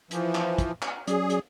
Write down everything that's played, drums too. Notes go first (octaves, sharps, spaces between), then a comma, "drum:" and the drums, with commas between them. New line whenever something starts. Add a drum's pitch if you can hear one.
E3 F3, drum: hi-hat
drum: clap
drum: kick, hi-hat
drum: clap
F#3 C#4 G#4 D5, drum: hi-hat
drum: hi-hat